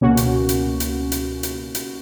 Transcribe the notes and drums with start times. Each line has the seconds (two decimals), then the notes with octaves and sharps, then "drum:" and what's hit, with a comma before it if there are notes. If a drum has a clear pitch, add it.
0.01 C#2 B2 A#3 C#4 F#4
0.17 drum: hi-hat
0.49 drum: hi-hat
0.80 drum: hi-hat
1.12 drum: hi-hat
1.43 drum: hi-hat
1.75 drum: hi-hat